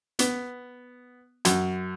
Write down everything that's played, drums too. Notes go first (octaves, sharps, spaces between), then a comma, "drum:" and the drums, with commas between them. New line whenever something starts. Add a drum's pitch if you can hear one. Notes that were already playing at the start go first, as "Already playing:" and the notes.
B3, drum: hi-hat
F#2, drum: hi-hat